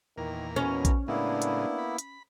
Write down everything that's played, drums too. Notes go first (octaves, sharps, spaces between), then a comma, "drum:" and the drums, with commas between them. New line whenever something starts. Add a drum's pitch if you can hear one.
E2 A#2 D#3 A#4
B2 C#4
drum: kick A#1, hi-hat
A2 C#3 G#3 A#3 B3 D4 E4
drum: hi-hat
B5
drum: hi-hat